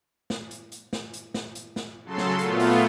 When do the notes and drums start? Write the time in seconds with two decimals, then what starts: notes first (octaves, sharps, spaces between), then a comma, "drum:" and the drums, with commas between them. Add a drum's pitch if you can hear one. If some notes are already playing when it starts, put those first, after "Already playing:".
0.30 drum: snare
0.51 drum: hi-hat
0.72 drum: hi-hat
0.93 drum: snare
1.14 drum: hi-hat
1.34 drum: snare
1.55 drum: hi-hat
1.76 drum: snare
2.04 C#3 F#3 A4 C6
2.18 drum: snare
2.39 A#2 A3 B3 F4, drum: hi-hat
2.60 drum: open hi-hat